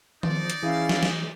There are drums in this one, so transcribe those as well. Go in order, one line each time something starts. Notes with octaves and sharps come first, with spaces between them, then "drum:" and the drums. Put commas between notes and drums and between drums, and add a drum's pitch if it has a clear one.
F3 D#4 D5, drum: tom D#3
drum: hi-hat
E3 C#4 E4 G#4 F5
drum: snare
drum: snare